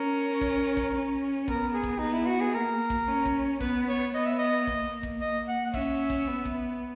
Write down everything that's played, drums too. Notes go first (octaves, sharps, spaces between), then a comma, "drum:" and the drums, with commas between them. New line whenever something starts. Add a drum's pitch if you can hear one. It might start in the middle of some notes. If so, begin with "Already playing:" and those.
Already playing: C#4 A#4
drum: kick
drum: kick
C#4
B3 A#4, drum: kick
G#4
drum: kick
B3 D#4
E4
F#4
G#4
A#3 A#4
drum: kick
C#4
drum: kick
B3 B4, drum: kick
C#5
B3 D#5
E5
D#5
A#3, drum: kick
drum: kick
D#5
F#5
F#5
C#4 E5, drum: kick
drum: kick
B3
drum: kick